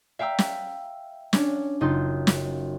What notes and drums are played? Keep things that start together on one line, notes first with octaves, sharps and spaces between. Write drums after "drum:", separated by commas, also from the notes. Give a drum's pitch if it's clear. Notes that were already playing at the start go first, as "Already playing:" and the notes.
E5 F5 G5 A#5 E6
drum: snare
C#4 D4, drum: snare
F#1 D#4 F4 C6
drum: snare